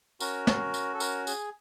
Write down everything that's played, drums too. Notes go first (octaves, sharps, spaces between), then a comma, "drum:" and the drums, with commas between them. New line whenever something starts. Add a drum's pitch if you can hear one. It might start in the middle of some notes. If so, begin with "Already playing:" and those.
C#4 F#4 A#4, drum: tambourine
drum: snare
drum: tambourine
A4
A#4, drum: tambourine
G#4, drum: tambourine